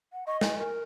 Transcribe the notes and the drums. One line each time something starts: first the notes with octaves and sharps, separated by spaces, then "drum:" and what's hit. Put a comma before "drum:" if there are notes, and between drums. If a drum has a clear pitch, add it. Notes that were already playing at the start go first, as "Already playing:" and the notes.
F#5
D#5 C#6
G#5, drum: snare
A#4